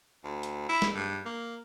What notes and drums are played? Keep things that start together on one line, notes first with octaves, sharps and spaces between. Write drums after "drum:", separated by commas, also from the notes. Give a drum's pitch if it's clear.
D2
drum: hi-hat
E4
drum: snare
G2
A#3